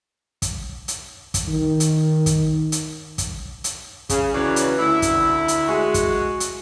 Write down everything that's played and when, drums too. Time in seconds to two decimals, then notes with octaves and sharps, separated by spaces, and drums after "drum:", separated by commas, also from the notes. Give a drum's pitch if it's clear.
0.42 drum: kick, hi-hat
0.88 drum: hi-hat
1.34 drum: kick, hi-hat
1.48 D#3
1.80 drum: hi-hat
2.26 drum: kick, hi-hat
2.72 drum: hi-hat
3.18 drum: kick, hi-hat
3.64 drum: hi-hat
4.09 C#3, drum: kick, hi-hat
4.34 C#3 E3 F#3 B4 C#5 D5
4.56 drum: hi-hat
4.79 D2 E4
5.02 drum: kick, hi-hat
5.48 drum: hi-hat
5.68 G#3 F#4
5.94 drum: kick, hi-hat
6.40 drum: hi-hat